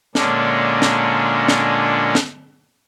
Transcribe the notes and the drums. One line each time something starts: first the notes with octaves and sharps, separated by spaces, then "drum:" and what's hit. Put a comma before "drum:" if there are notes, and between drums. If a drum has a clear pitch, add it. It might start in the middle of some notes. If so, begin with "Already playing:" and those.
A#2 D3 G#3 A#3 C#4 D4, drum: snare
drum: snare
drum: snare
drum: snare